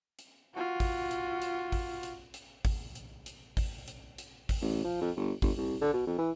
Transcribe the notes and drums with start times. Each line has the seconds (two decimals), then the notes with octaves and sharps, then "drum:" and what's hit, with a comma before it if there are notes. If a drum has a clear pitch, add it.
0.19 drum: hi-hat
0.55 F4 F#4
0.80 drum: kick G#1, open hi-hat
1.11 drum: hi-hat
1.42 drum: hi-hat
1.72 drum: kick G#1, open hi-hat
2.03 drum: hi-hat
2.34 drum: hi-hat
2.65 drum: kick G#1, open hi-hat
2.95 drum: hi-hat
3.26 drum: hi-hat
3.57 drum: kick G#1, open hi-hat
3.88 drum: hi-hat
4.18 drum: hi-hat
4.49 drum: kick G#1, open hi-hat
4.61 A1
4.84 F3
5.02 F2
5.16 G1
5.42 G1, drum: kick G#1, open hi-hat
5.57 C2
5.81 D3
5.93 B2
6.07 F2
6.18 E3